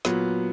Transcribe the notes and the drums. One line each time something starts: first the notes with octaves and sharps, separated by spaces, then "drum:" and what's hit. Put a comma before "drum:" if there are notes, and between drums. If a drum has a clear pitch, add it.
A#2 F#3 B3, drum: snare